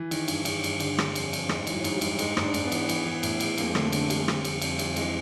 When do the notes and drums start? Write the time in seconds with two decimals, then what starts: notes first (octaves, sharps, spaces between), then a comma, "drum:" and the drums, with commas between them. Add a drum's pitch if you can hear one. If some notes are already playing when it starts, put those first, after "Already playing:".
Already playing: E3
0.11 D#3, drum: cymbal
0.28 G2, drum: cymbal
0.45 D#3, drum: cymbal
0.64 G2, drum: cymbal
0.80 D3, drum: cymbal
0.98 D3, drum: rim click
1.15 F2, drum: cymbal
1.33 F2, drum: cymbal
1.49 G#2 G#3, drum: rim click
1.67 E3, drum: cymbal
1.73 F#3
1.84 G#2, drum: cymbal
1.96 G3
2.01 G#2, drum: cymbal
2.19 G#2 G#3, drum: cymbal
2.37 G#2, drum: rim click
2.43 D4
2.54 G#2, drum: cymbal
2.65 B3
2.72 E3, drum: cymbal
2.89 E3, drum: cymbal
3.06 E3
3.23 A2, drum: cymbal
3.40 E3, drum: cymbal
3.58 F2 A#3, drum: cymbal
3.67 G#3
3.75 D3 A3, drum: rim click
3.92 D3 G#3, drum: cymbal
4.10 F2 G3, drum: cymbal
4.28 D3, drum: rim click
4.45 F2, drum: cymbal
4.62 F2, drum: cymbal
4.79 F2, drum: cymbal
4.96 E3 G#3, drum: cymbal